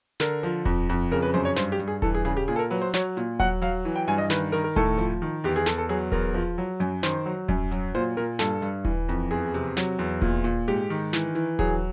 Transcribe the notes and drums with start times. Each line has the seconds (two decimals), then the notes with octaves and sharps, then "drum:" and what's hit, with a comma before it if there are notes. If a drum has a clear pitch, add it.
0.20 D3 A#4, drum: snare
0.43 F3, drum: hi-hat
0.65 F2, drum: kick D#1
0.89 F2, drum: hi-hat
1.11 C#3 A#4
1.22 B4
1.34 F#2 C5, drum: hi-hat
1.45 C#5
1.56 G2 C5, drum: snare
1.72 G4
1.79 G2, drum: hi-hat
1.88 G#4
2.02 E3 A4, drum: kick D#1
2.15 G#4
2.25 C#3 G#4, drum: hi-hat
2.37 G4
2.48 A#2 G#4
2.56 A4
2.59 A#4
2.70 F#3 B4, drum: open hi-hat
2.82 C5
2.94 F#3 C#5, drum: snare
3.17 A#2, drum: hi-hat
3.40 F#3 F#5, drum: kick D#1
3.62 F#3 F5, drum: hi-hat
3.85 E3
3.96 G5
4.08 G2 G#5, drum: hi-hat
4.18 D#5
4.30 D#3 B4, drum: snare
4.52 D#3 A#4, drum: hi-hat
4.64 A#4
4.76 A2 A4, drum: kick D#1
4.98 F3, drum: hi-hat
5.22 D#3
5.44 E2 G4, drum: open hi-hat
5.56 G#4
5.66 E2 A4, drum: snare
5.78 A4
5.89 F#3 G#4, drum: hi-hat
6.12 E2 A#4, drum: kick D#1
6.34 F3
6.58 F#3
6.80 F#2, drum: hi-hat
7.03 D#3 C5, drum: snare
7.26 F#3
7.48 F#2, drum: kick D#1
7.71 F#3, drum: hi-hat
7.95 A#2 C5
8.17 A#2 A#4
8.39 G2 A4, drum: snare
8.62 G2, drum: hi-hat
8.85 E3, drum: kick D#1
9.09 F2, drum: hi-hat
9.31 E2 G#4
9.54 C3, drum: hi-hat
9.77 F#3, drum: snare
9.99 E2, drum: hi-hat
10.22 A#2, drum: kick D#1
10.44 A#2, drum: hi-hat
10.68 G#2 G4
10.90 D#3, drum: open hi-hat
11.13 E3, drum: snare
11.35 E3, drum: hi-hat
11.59 F#3 G#4, drum: kick D#1